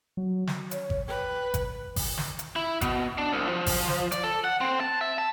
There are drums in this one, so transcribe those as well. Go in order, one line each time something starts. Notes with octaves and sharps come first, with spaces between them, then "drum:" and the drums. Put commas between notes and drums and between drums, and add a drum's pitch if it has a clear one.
F#3
drum: snare
C#5, drum: hi-hat
drum: kick G#1
B4 G5
drum: kick G#1, hi-hat
drum: kick G#1, open hi-hat
drum: snare
drum: hi-hat
E4
B2, drum: kick G#1, hi-hat
D4
C2
F3
drum: kick G#1, open hi-hat
drum: snare
D5, drum: hi-hat
A4
F#5
C4
A5
E5
A5